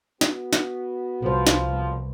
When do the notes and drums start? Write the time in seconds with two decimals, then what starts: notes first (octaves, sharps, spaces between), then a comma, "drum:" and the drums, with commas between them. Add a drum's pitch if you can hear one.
0.21 B3 F#4, drum: snare
0.53 drum: snare
1.22 C2 F3 B4 C5
1.47 drum: snare
1.70 B2 D3 B3